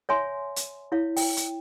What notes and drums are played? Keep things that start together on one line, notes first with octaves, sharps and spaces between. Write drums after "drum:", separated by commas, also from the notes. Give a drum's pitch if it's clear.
C#5 E5 G#5 C6
drum: hi-hat
E4 C#5 F5
G5, drum: open hi-hat
drum: hi-hat